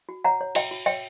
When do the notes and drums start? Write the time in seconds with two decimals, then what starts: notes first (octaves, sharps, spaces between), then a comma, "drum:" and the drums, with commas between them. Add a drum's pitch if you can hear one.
0.09 F#4
0.24 C#5 F#5 A#5
0.41 C#5
0.55 F#4 E5 G5, drum: cymbal
0.71 F#4
0.86 C#5 E5 G5